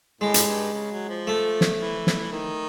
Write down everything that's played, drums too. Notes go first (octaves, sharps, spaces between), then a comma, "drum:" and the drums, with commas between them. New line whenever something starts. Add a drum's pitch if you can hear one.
A2 G#3
drum: hi-hat
G2
C#3
F#3
F3
A3
drum: snare
E3
drum: snare
D#3